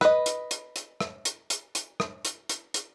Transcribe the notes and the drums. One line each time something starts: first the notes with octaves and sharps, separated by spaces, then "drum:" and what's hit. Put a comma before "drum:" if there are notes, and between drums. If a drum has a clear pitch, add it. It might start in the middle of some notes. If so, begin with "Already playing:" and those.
B4 D#5, drum: rim click
drum: hi-hat
drum: hi-hat
drum: hi-hat
drum: rim click
drum: hi-hat
drum: hi-hat
drum: hi-hat
drum: rim click
drum: hi-hat
drum: hi-hat
drum: hi-hat